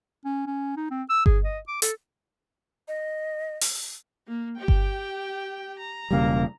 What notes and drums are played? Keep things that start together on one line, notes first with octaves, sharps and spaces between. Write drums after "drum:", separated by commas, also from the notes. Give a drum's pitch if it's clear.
C#4
C#4
D#4
C4
E6
G#4, drum: kick G1
D#5
D6
A4, drum: hi-hat
D#5
drum: open hi-hat
A#3
G4 G5
drum: kick G1
A#5
E1 C#3 G3 A#3